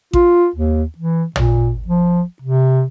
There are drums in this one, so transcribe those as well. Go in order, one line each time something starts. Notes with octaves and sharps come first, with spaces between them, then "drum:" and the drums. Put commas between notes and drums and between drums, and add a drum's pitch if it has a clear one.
F4, drum: kick A1
D#2
E3
A#2, drum: tom
F3
C3